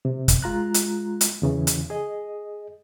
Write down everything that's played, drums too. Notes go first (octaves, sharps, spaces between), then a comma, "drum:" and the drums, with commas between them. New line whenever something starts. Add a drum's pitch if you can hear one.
C3
drum: kick, hi-hat
G#3 F4 A#5 F#6
drum: hi-hat
drum: hi-hat
E2 C#3 E3
drum: hi-hat
G#4 D#5